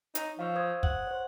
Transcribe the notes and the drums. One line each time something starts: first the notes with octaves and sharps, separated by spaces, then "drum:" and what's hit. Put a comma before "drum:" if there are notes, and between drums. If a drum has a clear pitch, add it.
D#4 C#5, drum: hi-hat
F3 F5 C#6 E6
C5 D#6 G#6
F#5, drum: kick
C5 C#5